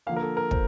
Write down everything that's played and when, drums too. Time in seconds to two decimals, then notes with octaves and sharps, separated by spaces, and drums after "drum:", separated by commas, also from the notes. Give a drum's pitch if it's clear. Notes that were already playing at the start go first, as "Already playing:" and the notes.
0.07 D3 F3 A#3 F5
0.16 A#4
0.22 A4
0.37 A#4
0.51 C5, drum: kick